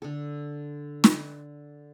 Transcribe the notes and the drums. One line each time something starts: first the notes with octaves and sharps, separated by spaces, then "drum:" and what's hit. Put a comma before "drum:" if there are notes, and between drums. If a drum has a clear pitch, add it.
D3 A4
drum: snare